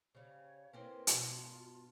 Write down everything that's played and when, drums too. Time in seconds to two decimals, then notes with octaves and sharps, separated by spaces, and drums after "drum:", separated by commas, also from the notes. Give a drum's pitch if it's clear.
0.15 C#3 G3 C5 C#5 F5
0.73 A#3 C4 C#4 E4 A#4 B4
1.07 G2 B2 F4 F#4 A5, drum: hi-hat